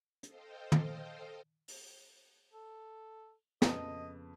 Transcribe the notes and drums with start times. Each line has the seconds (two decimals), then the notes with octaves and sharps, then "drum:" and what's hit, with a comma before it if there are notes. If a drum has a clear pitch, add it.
0.23 A4 C5 D#5 F5 G5, drum: hi-hat
0.72 drum: tom
1.68 drum: open hi-hat
2.53 A4
3.62 F2 C#3 B3 D#5, drum: snare